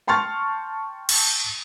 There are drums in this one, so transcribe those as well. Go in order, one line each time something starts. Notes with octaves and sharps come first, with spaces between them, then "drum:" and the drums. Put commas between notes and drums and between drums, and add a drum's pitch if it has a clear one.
G5 A5 C6 C#6 F6 A6
drum: cymbal